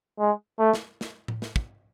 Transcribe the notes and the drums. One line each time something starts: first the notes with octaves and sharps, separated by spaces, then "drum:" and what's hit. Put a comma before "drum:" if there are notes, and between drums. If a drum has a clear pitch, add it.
G#3
A3
drum: snare
drum: snare
drum: tom A2
drum: snare
drum: kick